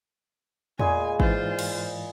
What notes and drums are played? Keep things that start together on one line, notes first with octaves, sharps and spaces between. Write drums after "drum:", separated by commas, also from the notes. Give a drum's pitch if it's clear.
A#2 G#3 G#4 C#5 G#5 B5, drum: tom E2
G#2 E3 F4 C5 A6, drum: kick G#1
drum: cymbal